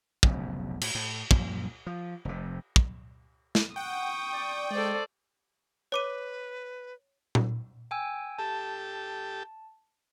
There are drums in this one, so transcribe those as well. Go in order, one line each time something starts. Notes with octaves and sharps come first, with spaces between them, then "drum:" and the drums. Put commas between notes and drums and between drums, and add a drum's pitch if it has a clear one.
F1 B1 G#2 C#3, drum: kick
A2, drum: cymbal
A2
F#2 A#2 F3 G3, drum: kick
F3
F1 C3
drum: kick
drum: snare
F#5 G5 C#6 D#6
D5
G#3 A4 C5 D5
B4 C#5 D6 D#7
drum: tom A#2
G5 G#5 E6
G4 A4 A5